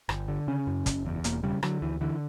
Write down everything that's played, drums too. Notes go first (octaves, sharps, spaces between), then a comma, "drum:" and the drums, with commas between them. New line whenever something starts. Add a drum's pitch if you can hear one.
G1, drum: rim click
D3
C#3 C#4
F#2
F#1, drum: kick, hi-hat
E2
E1 A#3, drum: hi-hat
C#3 G3
D3 F#3, drum: rim click
D2 E3
D3 E3